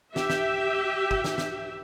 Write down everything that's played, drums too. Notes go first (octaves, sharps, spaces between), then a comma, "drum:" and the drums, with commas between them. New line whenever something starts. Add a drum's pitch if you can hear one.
G4 E5, drum: snare
drum: snare
drum: kick
drum: snare
drum: snare